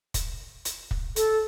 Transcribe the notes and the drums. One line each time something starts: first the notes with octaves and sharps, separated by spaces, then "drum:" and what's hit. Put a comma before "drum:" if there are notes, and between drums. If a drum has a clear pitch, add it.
drum: kick, hi-hat
drum: hi-hat
drum: kick
A4, drum: hi-hat